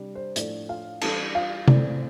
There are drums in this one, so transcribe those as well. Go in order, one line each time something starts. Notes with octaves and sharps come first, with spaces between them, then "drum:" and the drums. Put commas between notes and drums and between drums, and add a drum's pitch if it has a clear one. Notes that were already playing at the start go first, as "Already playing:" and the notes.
Already playing: C3 G3 D4
C5
A2 F3 A3 D4 D5, drum: hi-hat
F4 F5
E3 G3 D4 A4 A5, drum: cymbal
F4 F5
A2 E3 A3 C4 D5, drum: tom C3